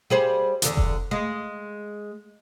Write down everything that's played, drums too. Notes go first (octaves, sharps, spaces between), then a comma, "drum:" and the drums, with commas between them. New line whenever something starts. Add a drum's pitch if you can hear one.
G3 G#4 C5
E2 D3, drum: hi-hat
drum: kick F1
G#3